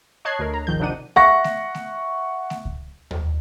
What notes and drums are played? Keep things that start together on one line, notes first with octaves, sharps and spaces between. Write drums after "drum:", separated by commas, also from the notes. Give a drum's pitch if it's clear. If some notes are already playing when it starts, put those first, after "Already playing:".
C#5 D#5 A5 F#6 G#6 C7
D2 A#4
A#5
G#1 D#3 F3 G6
C3 F3 D4 D#4 F#5 D#7
E5 F#5 C#6 A#6, drum: snare A3
drum: snare A3
drum: snare A3
drum: snare A3
drum: kick C#2
drum: tom D#2